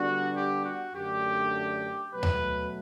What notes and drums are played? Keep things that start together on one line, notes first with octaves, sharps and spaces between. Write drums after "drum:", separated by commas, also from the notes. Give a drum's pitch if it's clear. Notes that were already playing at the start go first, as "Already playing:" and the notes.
Already playing: D3 G3 B3 D4 F#4
G4
F#4
F#2 D3 A3 D4 G4
B2 F#3 A3 B4
drum: tom D#2